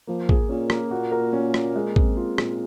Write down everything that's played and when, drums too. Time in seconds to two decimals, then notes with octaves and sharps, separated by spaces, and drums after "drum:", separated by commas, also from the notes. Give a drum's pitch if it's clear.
0.07 F3 A#3
0.29 G#4, drum: kick
0.49 A#2 C#4
0.70 A#3, drum: rim click
0.91 A#2 F#4
1.12 A#4
1.33 C#4
1.54 A#3, drum: rim click
1.76 G#3
1.96 C4, drum: kick
2.17 F4
2.38 A#2, drum: rim click